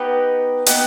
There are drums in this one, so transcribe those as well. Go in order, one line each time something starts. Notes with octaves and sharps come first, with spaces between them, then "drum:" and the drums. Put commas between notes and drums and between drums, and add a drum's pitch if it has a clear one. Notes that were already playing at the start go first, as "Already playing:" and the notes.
Already playing: B3 D#4 G4 B4
B3 D#4 G4 B4, drum: hi-hat